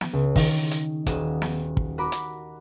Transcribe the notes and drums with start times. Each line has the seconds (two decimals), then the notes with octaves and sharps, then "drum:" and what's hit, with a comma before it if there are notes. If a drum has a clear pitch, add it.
0.01 drum: snare
0.13 C#2
0.36 D#3, drum: kick, open hi-hat
0.71 drum: hi-hat
1.06 D#1 F#4 D#6 E7, drum: kick, hi-hat
1.42 drum: snare
1.77 drum: kick
1.98 F#4 A#4 B5 D6
2.12 drum: hi-hat